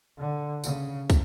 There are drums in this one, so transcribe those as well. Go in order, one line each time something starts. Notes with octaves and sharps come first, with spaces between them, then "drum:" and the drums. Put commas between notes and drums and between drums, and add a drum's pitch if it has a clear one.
D3
C#3, drum: tambourine
drum: kick, tambourine